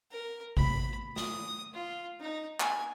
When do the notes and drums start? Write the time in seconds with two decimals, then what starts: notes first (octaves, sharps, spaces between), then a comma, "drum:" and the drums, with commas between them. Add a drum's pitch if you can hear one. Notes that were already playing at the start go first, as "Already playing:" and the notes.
0.11 A#4
0.57 B5, drum: kick G#1
1.16 D#6, drum: snare
1.73 F4
2.20 D#4
2.60 G#5, drum: clap